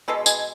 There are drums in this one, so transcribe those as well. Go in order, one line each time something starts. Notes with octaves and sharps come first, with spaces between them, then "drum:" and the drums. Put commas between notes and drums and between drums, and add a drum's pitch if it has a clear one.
B2 G#3 B3 A4
G#4, drum: tambourine